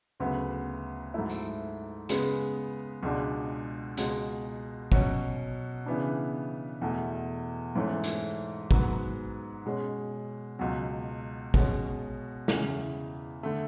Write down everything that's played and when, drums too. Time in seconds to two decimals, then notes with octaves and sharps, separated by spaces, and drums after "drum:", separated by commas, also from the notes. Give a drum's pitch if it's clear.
0.20 D2 C#3 F#3 B3
1.14 G#2 F#3 A3 E4
1.29 drum: tambourine
2.09 C#3 G#3 B3, drum: hi-hat
3.03 C#2 B2 G#3 D4
3.97 C#2 B2 G#3, drum: hi-hat
4.92 B2 F#3 C#4 F#4, drum: kick
5.86 C#3 E3 B3 D4
6.81 E2 B2 A3
7.76 G#2 E3 A3 C#4
8.04 drum: hi-hat
8.71 G#2 F#3 B3 F#4, drum: kick
9.65 B2 G#3 C#4
10.59 C#2 B2 F#3
11.54 B2 G#3 C#4, drum: kick
12.48 E2 C#3 E3, drum: snare
13.43 D3 A3